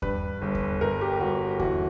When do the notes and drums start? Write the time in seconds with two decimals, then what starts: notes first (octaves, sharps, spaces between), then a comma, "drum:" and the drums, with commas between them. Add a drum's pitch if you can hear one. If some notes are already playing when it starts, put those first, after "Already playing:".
0.02 G2 B4, drum: kick D#2
0.42 G1
0.55 drum: kick D#2
0.81 G1 A#4
1.01 G4
1.20 G1 F#4
1.60 E3 F#4, drum: kick D#2